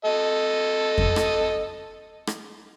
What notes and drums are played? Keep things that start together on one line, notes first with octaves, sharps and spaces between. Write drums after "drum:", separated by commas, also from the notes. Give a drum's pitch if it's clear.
A4 D#5
drum: kick F2
drum: rim click
drum: rim click